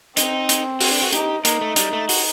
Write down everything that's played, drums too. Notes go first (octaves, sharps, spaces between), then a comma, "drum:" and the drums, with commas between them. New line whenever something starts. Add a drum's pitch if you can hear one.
C4 D#4, drum: hi-hat
drum: hi-hat
F#4, drum: open hi-hat
D4
F#4
D#4 G4, drum: hi-hat
A#3 D#4, drum: hi-hat
A3
G3, drum: hi-hat
A3
F#4, drum: open hi-hat